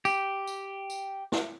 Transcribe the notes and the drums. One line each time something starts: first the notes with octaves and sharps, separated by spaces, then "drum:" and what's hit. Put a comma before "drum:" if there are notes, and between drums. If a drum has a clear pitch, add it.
G4, drum: tambourine
drum: tambourine
drum: tambourine
drum: snare